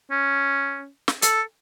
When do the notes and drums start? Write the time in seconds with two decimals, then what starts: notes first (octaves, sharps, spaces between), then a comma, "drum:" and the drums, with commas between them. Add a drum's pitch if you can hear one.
0.11 C#4
1.08 drum: snare
1.22 A4, drum: hi-hat